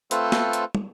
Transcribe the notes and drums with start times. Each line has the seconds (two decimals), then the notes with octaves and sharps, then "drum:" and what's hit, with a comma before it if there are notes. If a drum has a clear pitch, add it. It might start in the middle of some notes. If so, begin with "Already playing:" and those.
0.11 A3 C4 F4 A4 B4 C5, drum: hi-hat
0.32 drum: snare
0.53 drum: hi-hat
0.75 drum: tom